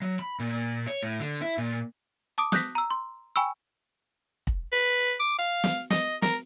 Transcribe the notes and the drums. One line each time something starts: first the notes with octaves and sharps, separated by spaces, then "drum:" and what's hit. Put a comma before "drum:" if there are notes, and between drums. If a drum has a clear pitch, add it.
F#3
B5
A#2
C#5
A2
D3
E4
A#2
A5 D6 D#6 D7
D#6 F#6 G6 A#6 B6, drum: snare
A#5 E6
C6
G5 G#5 B5 C#6 E6
drum: kick
B4
D6
F5
drum: snare
D#5, drum: snare
A#4, drum: snare